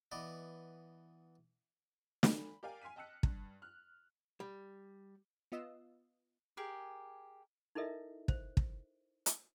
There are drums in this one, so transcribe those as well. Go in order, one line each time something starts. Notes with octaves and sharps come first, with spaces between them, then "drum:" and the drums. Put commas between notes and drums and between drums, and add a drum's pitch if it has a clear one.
E3 B3 D5 D#5
B5, drum: snare
G4 A#4 D5 F5 G5 G#5
G#5 C6 F6 B6 D#7
D#5 G5 A5 E6 F#6 C#7
G2, drum: kick
F6 F#6
G3
B3 F4 D#5 E6
G4 G#4 A#4 G5
D#4 E4 A4 A#4 D#5 E5
C5, drum: kick
drum: kick
drum: hi-hat